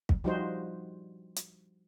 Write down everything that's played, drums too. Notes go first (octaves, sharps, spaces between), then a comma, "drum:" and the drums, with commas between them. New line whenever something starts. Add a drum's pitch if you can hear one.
drum: kick
F3 G3 D#4 F#4 C5
drum: hi-hat